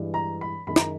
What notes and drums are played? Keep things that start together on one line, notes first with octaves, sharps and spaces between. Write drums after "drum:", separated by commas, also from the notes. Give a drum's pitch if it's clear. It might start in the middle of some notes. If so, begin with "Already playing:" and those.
Already playing: G2 E3 G#3
A#5
B5
F#2 D#3 G#3 B5
A#5, drum: snare